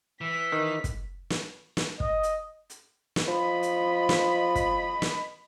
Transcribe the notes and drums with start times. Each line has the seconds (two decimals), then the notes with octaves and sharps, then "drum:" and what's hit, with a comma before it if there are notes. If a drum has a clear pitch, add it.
0.21 E3 B6
0.52 D#3
0.84 drum: kick, hi-hat
1.30 drum: snare
1.77 drum: snare
2.00 D#5, drum: kick
2.23 drum: hi-hat
2.70 drum: hi-hat
3.16 drum: snare
3.28 F3 D#5 B5
3.63 drum: hi-hat
4.09 drum: snare
4.55 drum: kick, hi-hat
5.02 drum: snare